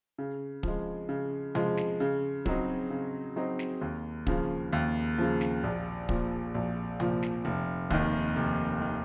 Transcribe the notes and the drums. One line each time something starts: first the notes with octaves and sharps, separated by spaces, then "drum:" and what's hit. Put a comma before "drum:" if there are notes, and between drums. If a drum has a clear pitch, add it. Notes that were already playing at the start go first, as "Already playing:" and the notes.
C#3
F3 G#3, drum: kick
C#3
F3 G#3, drum: tom C3
drum: snare
C#3
F#3 C4 D#4, drum: kick
C#3
F#3 C4 D#4
drum: snare
D#2
C#3 F3, drum: kick
D#2
C#3 F3
drum: snare
A#1
A#2 F3, drum: kick
A#1
A#2 F3, drum: tom C3
drum: snare
F1
D#2 D#3, drum: kick
F1
D#3